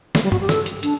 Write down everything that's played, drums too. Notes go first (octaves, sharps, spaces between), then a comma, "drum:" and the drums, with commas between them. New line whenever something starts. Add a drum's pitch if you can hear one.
A3, drum: snare
G3
F#4, drum: tom G2
G4
A4, drum: snare
drum: hi-hat
D4, drum: hi-hat